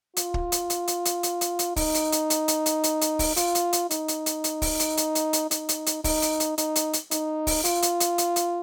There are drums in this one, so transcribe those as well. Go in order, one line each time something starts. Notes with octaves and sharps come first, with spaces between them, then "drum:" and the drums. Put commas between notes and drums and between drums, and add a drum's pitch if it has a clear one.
F4, drum: hi-hat
drum: kick
drum: hi-hat
drum: hi-hat
drum: hi-hat
drum: hi-hat
drum: hi-hat
drum: hi-hat
drum: hi-hat
D#4, drum: kick, open hi-hat
drum: hi-hat
drum: hi-hat
drum: hi-hat
drum: hi-hat
drum: hi-hat
drum: hi-hat
drum: hi-hat
drum: kick, open hi-hat
F4, drum: hi-hat
drum: hi-hat
drum: hi-hat
D#4, drum: hi-hat
drum: hi-hat
drum: hi-hat
drum: hi-hat
drum: kick, open hi-hat
drum: hi-hat
drum: hi-hat
drum: hi-hat
drum: hi-hat
D#4, drum: hi-hat
drum: hi-hat
drum: hi-hat
D#4, drum: kick, open hi-hat
drum: hi-hat
drum: hi-hat
D#4, drum: hi-hat
drum: hi-hat
drum: hi-hat
D#4, drum: hi-hat
drum: kick, open hi-hat
F4, drum: hi-hat
drum: hi-hat
drum: hi-hat
drum: hi-hat
drum: hi-hat